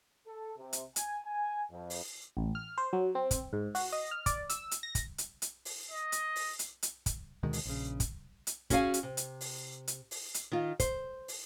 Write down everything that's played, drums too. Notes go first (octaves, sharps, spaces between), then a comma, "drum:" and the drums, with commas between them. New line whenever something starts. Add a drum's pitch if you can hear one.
A4
C3
drum: hi-hat
G#5, drum: hi-hat
G#5
F2
drum: open hi-hat
A1
F6
C5
F#3
C4
drum: kick, hi-hat
G#2
F#4, drum: open hi-hat
D#5
F6
D5, drum: kick, hi-hat
E6, drum: hi-hat
drum: hi-hat
A#6
drum: kick, hi-hat
drum: hi-hat
drum: hi-hat
drum: open hi-hat
D#5
drum: hi-hat
drum: open hi-hat
drum: hi-hat
drum: hi-hat
drum: kick, hi-hat
D2 B2 D#3 G#3
drum: open hi-hat
A#1 C#3
drum: kick, hi-hat
drum: hi-hat
C#4 F#4 G#4 F5 G#5, drum: kick, hi-hat
drum: hi-hat
C3
drum: hi-hat
drum: open hi-hat
drum: hi-hat
drum: open hi-hat
drum: hi-hat
D#3 F4
C5, drum: kick, hi-hat
drum: open hi-hat